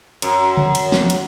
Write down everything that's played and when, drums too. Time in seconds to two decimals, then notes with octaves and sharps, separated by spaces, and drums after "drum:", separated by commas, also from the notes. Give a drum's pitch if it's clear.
0.22 F#2, drum: cymbal
0.57 drum: tom C#3
0.75 drum: cymbal
0.92 drum: snare
1.10 drum: cymbal